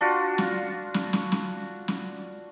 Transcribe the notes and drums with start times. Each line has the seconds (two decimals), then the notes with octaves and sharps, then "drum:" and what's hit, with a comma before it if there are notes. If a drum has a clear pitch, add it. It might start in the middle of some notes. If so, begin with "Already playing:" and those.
0.01 D4 F4 F#4
0.38 drum: snare
0.94 drum: snare
1.13 drum: snare
1.32 drum: snare
1.88 drum: snare